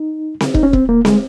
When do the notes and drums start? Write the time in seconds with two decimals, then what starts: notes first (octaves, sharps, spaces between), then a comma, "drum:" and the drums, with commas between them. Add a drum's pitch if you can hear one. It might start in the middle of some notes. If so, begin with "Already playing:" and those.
Already playing: D#4
0.41 drum: snare C4
0.54 D#4, drum: kick
0.63 C#4
0.73 C4, drum: kick
0.89 A#3
1.05 G#3, drum: snare C4